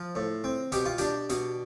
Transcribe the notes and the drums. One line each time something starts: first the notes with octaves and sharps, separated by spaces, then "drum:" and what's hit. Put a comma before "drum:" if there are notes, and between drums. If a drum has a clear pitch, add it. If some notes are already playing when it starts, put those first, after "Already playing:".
Already playing: F3 F4
A2
C4
B2 G4, drum: hi-hat
F4
D4 G4, drum: hi-hat
B2, drum: hi-hat